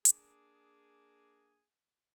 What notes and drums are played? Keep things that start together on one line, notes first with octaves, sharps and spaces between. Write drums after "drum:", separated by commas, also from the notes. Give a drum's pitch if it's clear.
A#3 D4 G#4, drum: hi-hat